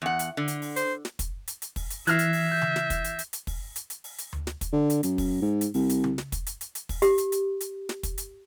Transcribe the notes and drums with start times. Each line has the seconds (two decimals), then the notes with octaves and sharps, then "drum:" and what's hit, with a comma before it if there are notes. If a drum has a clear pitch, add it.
0.02 E2 F#5
0.19 drum: hi-hat
0.37 D3
0.48 drum: hi-hat
0.62 drum: open hi-hat
0.76 C5, drum: hi-hat
1.05 drum: snare
1.19 drum: kick, hi-hat
1.48 drum: hi-hat
1.62 drum: hi-hat
1.76 drum: kick, open hi-hat
1.90 drum: hi-hat
2.07 E3 E5 F6 F#6 G#6 A#6 C7, drum: hi-hat
2.19 drum: hi-hat
2.33 drum: open hi-hat
2.52 G6
2.62 drum: tom C#3
2.76 drum: snare
2.90 drum: kick, hi-hat
3.04 drum: hi-hat
3.19 drum: hi-hat
3.33 drum: hi-hat
3.47 drum: kick, open hi-hat
3.76 drum: hi-hat
3.90 drum: hi-hat
4.04 drum: open hi-hat
4.18 drum: hi-hat
4.33 drum: tom D2
4.47 drum: snare
4.61 drum: kick, hi-hat
4.72 D3
4.90 drum: hi-hat
5.03 F#2, drum: hi-hat
5.18 drum: kick, open hi-hat
5.42 G#2
5.61 drum: hi-hat
5.74 C2, drum: open hi-hat
5.89 drum: hi-hat
6.04 drum: tom C#3
6.18 drum: snare
6.32 drum: kick, hi-hat
6.47 drum: hi-hat
6.61 drum: hi-hat
6.75 drum: hi-hat
6.89 drum: kick, open hi-hat
7.02 G4, drum: hi-hat
7.18 drum: hi-hat
7.32 drum: hi-hat
7.61 drum: hi-hat
7.89 drum: snare
8.03 drum: kick, hi-hat
8.18 drum: hi-hat